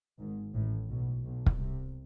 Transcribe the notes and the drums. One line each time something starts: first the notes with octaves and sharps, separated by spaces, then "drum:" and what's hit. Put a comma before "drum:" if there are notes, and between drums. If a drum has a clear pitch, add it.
G#1 G#2
A1 A2
B1 B2
B1 B2
drum: kick
C2 C3